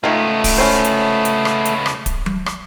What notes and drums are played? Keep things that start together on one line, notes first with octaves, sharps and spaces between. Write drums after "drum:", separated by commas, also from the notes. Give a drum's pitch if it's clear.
C#2 D#3 A3 B3 F4
drum: kick D1, open hi-hat
C#4 E4 C5
drum: hi-hat
drum: hi-hat
drum: rim click
drum: hi-hat
drum: rim click
drum: kick D1, hi-hat
drum: tom F#3
drum: rim click